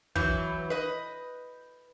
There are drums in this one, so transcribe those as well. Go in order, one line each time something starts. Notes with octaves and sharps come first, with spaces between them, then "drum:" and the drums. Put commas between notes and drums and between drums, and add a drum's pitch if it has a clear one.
E3 F#3 G6, drum: kick
B4 D#5